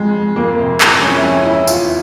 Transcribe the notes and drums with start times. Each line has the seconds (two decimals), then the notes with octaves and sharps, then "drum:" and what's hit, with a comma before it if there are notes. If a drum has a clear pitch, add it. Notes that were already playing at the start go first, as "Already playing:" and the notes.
Already playing: F2 G#3
0.14 F2
0.36 F2 A#3
0.59 C3
0.81 E3, drum: clap
1.02 F2 C#4
1.17 E4
1.23 F2 C#4
1.45 E3 E4
1.67 E2 F4, drum: tambourine